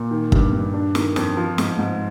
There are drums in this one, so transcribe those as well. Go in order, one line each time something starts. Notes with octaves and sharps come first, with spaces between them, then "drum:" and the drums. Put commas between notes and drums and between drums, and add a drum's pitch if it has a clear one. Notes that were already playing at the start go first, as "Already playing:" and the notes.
Already playing: A#2
D#3
G2, drum: kick
G2
D4
D#3, drum: snare
F2, drum: snare
F3
G#2, drum: snare
G#2